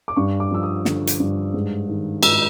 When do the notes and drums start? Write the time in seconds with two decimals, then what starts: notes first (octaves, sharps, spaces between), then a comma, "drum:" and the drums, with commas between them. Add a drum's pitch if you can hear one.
0.08 D6
0.16 G2 C#6
0.40 D6
0.51 F3 E6
0.63 D#6
0.85 D3, drum: snare
1.07 drum: hi-hat
1.20 G2
1.54 G#2
1.89 D#3
2.23 G#2 E6, drum: cymbal